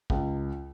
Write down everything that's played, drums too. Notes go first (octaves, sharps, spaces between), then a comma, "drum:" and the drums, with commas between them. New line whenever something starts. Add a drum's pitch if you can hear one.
C#2, drum: kick